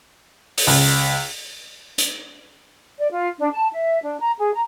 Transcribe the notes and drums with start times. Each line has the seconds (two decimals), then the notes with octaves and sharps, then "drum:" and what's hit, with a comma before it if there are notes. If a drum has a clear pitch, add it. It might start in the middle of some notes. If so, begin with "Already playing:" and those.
0.58 drum: open hi-hat
0.67 C#2
1.98 drum: hi-hat
2.99 D5
3.11 F4
3.38 D4
3.53 A5
3.73 E5
4.03 D4
4.20 A#5
4.38 G#4
4.53 A#5